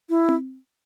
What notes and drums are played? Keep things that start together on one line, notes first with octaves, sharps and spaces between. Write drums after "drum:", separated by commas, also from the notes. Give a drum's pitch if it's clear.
E4
drum: tom C4